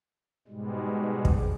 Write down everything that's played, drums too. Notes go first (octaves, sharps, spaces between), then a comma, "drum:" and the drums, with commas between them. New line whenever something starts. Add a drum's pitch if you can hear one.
G#2 B2 G3 G#3
drum: kick